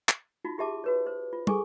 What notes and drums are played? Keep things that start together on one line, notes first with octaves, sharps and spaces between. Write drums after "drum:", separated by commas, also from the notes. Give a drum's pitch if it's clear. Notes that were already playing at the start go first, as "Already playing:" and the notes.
drum: clap
D#4 F4 F#4
F4 G4 G#4 E5 A5 D6
F#4 B4 C#5
C5
F4
G#4 A4 G#5 C#6 D6, drum: tom